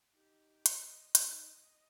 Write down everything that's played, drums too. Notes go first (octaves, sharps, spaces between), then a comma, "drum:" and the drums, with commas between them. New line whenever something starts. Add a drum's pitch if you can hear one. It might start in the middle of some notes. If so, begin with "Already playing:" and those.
D#4 G4
D#5, drum: hi-hat
D#4 D#5, drum: hi-hat